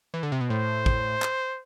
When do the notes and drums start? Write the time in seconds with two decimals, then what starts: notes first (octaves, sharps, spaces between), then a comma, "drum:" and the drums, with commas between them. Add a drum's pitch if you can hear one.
0.14 E3
0.23 D3
0.32 C3
0.41 B2
0.50 A2 C5
0.86 drum: kick
1.22 drum: clap